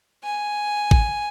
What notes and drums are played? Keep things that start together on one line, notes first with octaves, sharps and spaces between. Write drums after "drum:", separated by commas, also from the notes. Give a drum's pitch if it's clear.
G#5
drum: kick A1